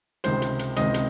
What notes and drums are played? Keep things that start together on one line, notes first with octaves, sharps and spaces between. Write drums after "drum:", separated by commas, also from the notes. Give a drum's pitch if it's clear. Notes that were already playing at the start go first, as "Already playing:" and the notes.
C#2 C3 D#3 G#3 C4 C5, drum: hi-hat
drum: hi-hat
drum: hi-hat
C#2 C3 D#3 G#3 C4 D#5, drum: hi-hat
drum: hi-hat